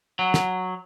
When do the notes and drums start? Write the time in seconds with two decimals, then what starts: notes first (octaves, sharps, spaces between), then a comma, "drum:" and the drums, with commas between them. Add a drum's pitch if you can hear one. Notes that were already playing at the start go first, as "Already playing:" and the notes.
0.19 F#3
0.34 drum: snare